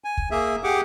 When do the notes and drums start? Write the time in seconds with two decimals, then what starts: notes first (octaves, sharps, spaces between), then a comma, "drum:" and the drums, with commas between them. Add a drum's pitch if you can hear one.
0.04 G#5
0.17 drum: kick
0.31 A#3 G#4 E5
0.64 G4 G#4 F#5 D6